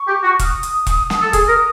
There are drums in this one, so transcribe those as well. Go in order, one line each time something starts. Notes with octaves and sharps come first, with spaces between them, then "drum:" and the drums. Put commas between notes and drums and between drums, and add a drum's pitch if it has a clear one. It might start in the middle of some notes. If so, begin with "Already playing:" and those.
Already playing: C#6
G4
F#4
F6, drum: kick E1, hi-hat
D#6
drum: hi-hat
drum: kick E1, hi-hat
drum: snare
A4
G#4 D#6, drum: kick E1, hi-hat
A#4